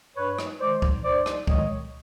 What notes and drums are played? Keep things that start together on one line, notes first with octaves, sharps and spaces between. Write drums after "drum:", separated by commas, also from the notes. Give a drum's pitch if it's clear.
G2 B4 C#5
drum: rim click
D#3 G#3 C5 D5
drum: kick C#2
G2 C5 D5
drum: rim click
D#3 G#3 C#5 D#5, drum: kick C#2